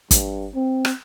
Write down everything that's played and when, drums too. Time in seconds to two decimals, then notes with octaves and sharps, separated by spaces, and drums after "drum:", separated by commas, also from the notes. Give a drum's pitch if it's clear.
0.11 G2, drum: kick, hi-hat
0.55 C4
0.85 drum: rim click